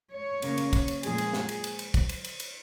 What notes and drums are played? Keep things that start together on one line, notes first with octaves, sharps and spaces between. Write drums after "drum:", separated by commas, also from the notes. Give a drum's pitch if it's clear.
C#5
C#3 A#3, drum: cymbal
drum: cymbal
drum: kick, cymbal
drum: cymbal
A#2 F3 G#3 G#4, drum: cymbal
drum: cymbal
drum: snare
drum: cymbal
drum: cymbal
drum: cymbal
drum: kick, cymbal
drum: cymbal
drum: cymbal
drum: cymbal